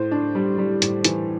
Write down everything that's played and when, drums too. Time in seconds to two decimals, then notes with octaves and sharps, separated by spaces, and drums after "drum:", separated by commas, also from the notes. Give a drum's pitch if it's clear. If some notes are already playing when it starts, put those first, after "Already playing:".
Already playing: A2 C5
0.11 D4
0.35 G3
0.58 G3
0.82 A2, drum: hi-hat
1.04 E3, drum: hi-hat